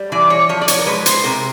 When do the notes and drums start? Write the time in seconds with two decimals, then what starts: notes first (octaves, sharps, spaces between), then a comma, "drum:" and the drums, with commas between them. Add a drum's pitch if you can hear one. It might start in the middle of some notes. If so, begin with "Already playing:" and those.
Already playing: G3
0.12 E3 D5
0.30 C#5
0.49 F3 C#5
0.62 D5
0.68 C#5, drum: hi-hat
0.79 A#4
0.86 G#3 B4
1.06 C5, drum: hi-hat
1.24 C3 A#4